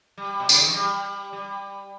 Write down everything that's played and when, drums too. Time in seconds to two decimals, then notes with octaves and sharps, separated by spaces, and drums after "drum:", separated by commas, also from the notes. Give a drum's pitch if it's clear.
0.18 G3
0.40 B2
0.49 C#3, drum: tambourine
0.57 D#3
0.66 E3
0.74 G3
1.33 G3